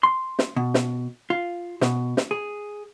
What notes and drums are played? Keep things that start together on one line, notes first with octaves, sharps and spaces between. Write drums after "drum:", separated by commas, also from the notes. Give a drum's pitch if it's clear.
C6
drum: snare
B2
drum: snare
F4
B2, drum: snare
drum: snare
G#4